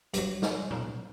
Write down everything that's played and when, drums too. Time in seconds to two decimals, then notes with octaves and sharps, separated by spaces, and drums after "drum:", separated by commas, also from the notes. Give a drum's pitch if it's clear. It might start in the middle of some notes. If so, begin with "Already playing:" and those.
0.14 G2 F#3, drum: hi-hat
0.42 drum: snare
0.71 drum: tom